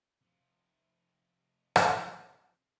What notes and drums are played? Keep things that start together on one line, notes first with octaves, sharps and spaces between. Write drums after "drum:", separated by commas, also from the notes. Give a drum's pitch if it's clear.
C3 F3
drum: rim click